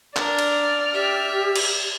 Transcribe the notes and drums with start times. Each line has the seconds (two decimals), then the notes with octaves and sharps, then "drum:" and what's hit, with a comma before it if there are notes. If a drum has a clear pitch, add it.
0.16 D4 A#4 D5 F6, drum: clap
0.39 drum: cymbal
0.94 G4 E5
1.56 drum: cymbal